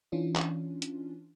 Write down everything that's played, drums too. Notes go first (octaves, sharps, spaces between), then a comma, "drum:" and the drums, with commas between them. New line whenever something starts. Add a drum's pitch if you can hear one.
E3 C#4 D4 F4
drum: clap
drum: hi-hat